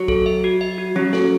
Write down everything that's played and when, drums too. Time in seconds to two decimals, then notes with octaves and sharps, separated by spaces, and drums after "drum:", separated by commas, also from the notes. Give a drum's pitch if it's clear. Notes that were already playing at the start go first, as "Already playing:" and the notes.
Already playing: F#3
0.08 A4, drum: kick
0.26 E5
0.44 F#4
0.61 E5
0.78 F#4
0.96 F#3 C#4
1.13 A4, drum: snare